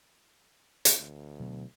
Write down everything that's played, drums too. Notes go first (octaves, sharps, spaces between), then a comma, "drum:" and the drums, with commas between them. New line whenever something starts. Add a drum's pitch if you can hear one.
drum: hi-hat
D2
B2 F#3 B3